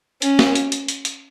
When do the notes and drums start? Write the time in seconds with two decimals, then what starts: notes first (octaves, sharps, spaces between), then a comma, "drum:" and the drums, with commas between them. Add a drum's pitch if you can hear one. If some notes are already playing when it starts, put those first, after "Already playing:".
0.22 C#4, drum: hi-hat
0.39 drum: snare
0.55 drum: hi-hat
0.72 drum: hi-hat
0.88 drum: hi-hat
1.05 drum: hi-hat